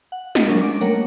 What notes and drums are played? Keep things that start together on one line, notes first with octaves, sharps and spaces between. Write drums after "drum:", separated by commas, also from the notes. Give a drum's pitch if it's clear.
F#5
D#5, drum: snare
F#3 G#3 C#4 D4 A#4
D6 D7
G3 A3 A#3 A#4 C#5 F#5, drum: tambourine